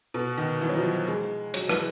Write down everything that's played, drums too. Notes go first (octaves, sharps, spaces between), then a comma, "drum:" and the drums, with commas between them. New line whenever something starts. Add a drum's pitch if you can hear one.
B2
D#3
E3
F#3
F3
G#3
F#3, drum: cymbal
E3, drum: rim click